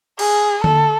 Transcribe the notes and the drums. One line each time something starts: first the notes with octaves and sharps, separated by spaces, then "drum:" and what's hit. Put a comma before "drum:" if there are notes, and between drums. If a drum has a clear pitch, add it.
G#4, drum: cymbal
A4, drum: tom D3